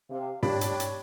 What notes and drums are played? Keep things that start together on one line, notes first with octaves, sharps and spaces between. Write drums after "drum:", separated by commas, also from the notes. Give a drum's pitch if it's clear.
C3 F5
D4 G4 C#5 D5 B5, drum: tom
drum: hi-hat
drum: hi-hat